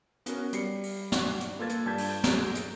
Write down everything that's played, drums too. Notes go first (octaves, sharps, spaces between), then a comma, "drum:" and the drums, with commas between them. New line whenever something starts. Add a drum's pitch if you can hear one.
B3 C#4 F#4 A#4, drum: hi-hat
G3 C7 C#7, drum: hi-hat
drum: open hi-hat
drum: snare
drum: hi-hat
A#3 F4 A4 B4 G#6 A6
drum: hi-hat
G2 G3 A5 G6 G#6 B6
drum: open hi-hat
G#4 A4 A#5, drum: snare
drum: hi-hat